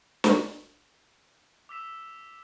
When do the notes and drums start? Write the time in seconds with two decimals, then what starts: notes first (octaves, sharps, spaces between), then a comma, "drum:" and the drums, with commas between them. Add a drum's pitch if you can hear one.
0.24 drum: snare
1.69 D6 E6 B6 E7